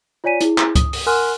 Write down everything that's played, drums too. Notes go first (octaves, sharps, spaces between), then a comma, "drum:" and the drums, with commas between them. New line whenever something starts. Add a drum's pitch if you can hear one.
F4 C#5 D5 G#5 B6 D#7
E4 G#4, drum: hi-hat
drum: clap
D#6, drum: kick C#2, hi-hat
drum: open hi-hat
A#4 F#5 G#5 C6 F6 F#6